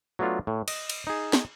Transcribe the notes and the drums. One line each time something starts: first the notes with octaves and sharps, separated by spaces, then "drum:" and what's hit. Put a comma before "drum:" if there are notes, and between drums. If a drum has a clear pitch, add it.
F#3 A3 B3 D4 F4
A2
D#5, drum: cymbal
drum: cymbal
D#4 G#4
drum: snare